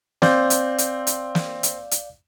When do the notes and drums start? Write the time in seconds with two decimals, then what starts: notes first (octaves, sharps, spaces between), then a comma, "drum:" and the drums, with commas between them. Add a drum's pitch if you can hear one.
0.22 C4 D5 F5 G6, drum: snare
0.50 drum: hi-hat
0.78 drum: hi-hat
1.07 drum: hi-hat
1.35 drum: snare
1.63 drum: hi-hat
1.91 drum: hi-hat